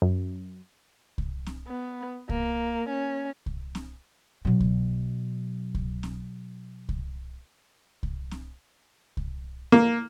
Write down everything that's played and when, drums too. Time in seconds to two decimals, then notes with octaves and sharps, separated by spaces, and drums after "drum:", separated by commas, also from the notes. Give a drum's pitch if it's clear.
0.02 F#2
1.18 drum: kick C2
1.46 drum: snare C4
1.67 B3
2.29 A#3, drum: kick C2
2.89 C#4
3.46 drum: kick C2
3.75 drum: snare C4
4.45 B2 F#3
4.60 drum: kick C2
5.75 drum: kick C2
6.03 drum: snare C4
6.89 drum: kick C2
8.03 drum: kick C2
8.31 drum: snare C4
9.17 drum: kick C2
9.72 A#3